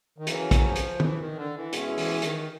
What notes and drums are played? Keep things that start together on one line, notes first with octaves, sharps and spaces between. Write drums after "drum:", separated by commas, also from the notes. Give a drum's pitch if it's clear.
D#3
C#3 E3 F#3 A#3 C#4, drum: hi-hat
drum: kick, hi-hat
F3
drum: hi-hat
E3, drum: tom
D#3
D3
E3
B2 G#3 C#4 E4, drum: hi-hat
E3, drum: open hi-hat
D#3, drum: hi-hat